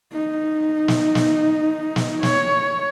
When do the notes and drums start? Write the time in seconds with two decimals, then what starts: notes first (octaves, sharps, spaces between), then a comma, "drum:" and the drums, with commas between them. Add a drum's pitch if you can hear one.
0.13 D#4
0.88 drum: snare
1.15 drum: snare
1.96 drum: snare
2.23 C#5, drum: snare